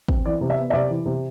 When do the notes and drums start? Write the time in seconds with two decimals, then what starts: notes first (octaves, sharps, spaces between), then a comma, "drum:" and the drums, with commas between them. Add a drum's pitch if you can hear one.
0.08 C4, drum: kick
0.26 E3 D5
0.41 C3
0.50 E5
0.58 B3
0.70 E5
0.73 C3 D5
0.90 E3
1.06 C3